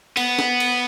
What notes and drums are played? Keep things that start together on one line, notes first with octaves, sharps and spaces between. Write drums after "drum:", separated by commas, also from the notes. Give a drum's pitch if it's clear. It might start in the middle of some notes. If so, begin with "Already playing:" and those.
B3, drum: cymbal
drum: snare
drum: cymbal